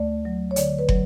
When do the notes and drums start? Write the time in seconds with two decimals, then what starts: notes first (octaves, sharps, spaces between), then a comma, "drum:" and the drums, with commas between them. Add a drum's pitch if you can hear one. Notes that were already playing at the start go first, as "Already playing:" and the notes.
Already playing: D2 A3 D5
0.25 F#3
0.51 C#5
0.56 D3 D5, drum: hi-hat
0.79 B4
0.89 F#3, drum: kick